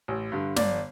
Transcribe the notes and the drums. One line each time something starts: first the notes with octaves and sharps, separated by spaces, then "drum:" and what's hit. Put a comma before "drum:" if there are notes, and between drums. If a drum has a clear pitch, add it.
A1
G2 D3
G1 D5, drum: snare